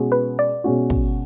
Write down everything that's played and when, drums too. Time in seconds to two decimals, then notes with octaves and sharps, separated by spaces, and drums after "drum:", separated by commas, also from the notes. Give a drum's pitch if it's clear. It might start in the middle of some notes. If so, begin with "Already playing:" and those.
Already playing: B2 G#3 C#4 F#4
0.12 B4
0.39 D5
0.64 B2 G#3 C#4 F#4
0.90 drum: kick